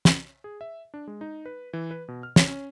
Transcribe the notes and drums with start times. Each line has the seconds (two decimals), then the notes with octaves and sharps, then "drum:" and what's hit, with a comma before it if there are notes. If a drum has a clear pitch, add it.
0.05 drum: snare
0.44 G#4
0.61 E5
0.94 D4
1.07 G#3
1.21 D#4
1.46 B4
1.73 E3
1.91 B4
2.08 B2
2.23 F6
2.36 C#5, drum: snare
2.47 C#4